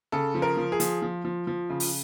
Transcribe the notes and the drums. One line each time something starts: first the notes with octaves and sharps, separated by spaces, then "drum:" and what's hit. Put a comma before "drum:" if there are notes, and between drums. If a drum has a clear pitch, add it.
C#3 A4
F3
A#4
F3
G#4
F3, drum: hi-hat
F3
F3
F3
C#3
drum: open hi-hat